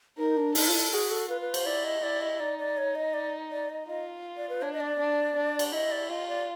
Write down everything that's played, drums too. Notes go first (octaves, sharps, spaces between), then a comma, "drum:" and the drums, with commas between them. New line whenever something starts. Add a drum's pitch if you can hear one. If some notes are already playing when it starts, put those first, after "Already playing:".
D#4 A#4
D4
D#4 A4, drum: open hi-hat
F4
E4
F#4 G#4
A4
F4 B4
B4
C5, drum: cymbal
E4 D5
D#5
E4 D5
D#5
D#4 D5
D5
C#5
D#5
D5
D5
D#5
F4 D#5
D5
B4
D4 C#5
D#5
D5
D4
D4
drum: cymbal
E4 D#5
D5
F4 D#5
D5